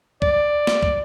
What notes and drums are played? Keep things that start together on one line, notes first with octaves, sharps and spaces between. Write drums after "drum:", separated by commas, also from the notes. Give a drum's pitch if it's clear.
D5, drum: kick
drum: snare
drum: kick